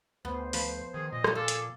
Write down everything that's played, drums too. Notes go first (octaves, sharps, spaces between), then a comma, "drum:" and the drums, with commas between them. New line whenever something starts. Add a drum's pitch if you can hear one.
D2 B3 C5
F3 B4, drum: open hi-hat
D#3 G#4
A#2 D#5
drum: rim click
F4 G#4 A4 D6
drum: hi-hat